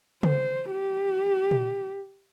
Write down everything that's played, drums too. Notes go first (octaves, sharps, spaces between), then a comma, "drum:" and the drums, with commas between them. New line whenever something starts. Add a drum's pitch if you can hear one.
C5, drum: tom C#3
G4
drum: tom A#2